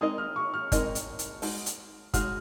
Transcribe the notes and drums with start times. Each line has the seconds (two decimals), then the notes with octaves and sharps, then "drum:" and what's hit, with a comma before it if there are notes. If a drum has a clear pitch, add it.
0.01 G#3 C4 D#4 A#4 D#5 D#6
0.18 F6
0.36 C#6
0.54 F6
0.72 G#3 C4 D#4 A#4 D#5, drum: kick, hi-hat
0.95 drum: hi-hat
1.19 drum: hi-hat
1.42 G#3 D#4 F#4, drum: open hi-hat
1.66 drum: hi-hat
2.14 G#3 D#4 F#4 F6, drum: kick, hi-hat